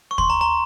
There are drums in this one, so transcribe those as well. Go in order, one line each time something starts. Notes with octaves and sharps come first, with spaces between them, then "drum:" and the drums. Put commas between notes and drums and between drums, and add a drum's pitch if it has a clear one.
C#6
C6, drum: kick
A#5
A#5